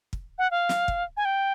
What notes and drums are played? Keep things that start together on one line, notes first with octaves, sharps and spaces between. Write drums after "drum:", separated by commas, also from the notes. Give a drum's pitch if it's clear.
drum: kick
F#5
F5
drum: snare
drum: kick
G#5
G5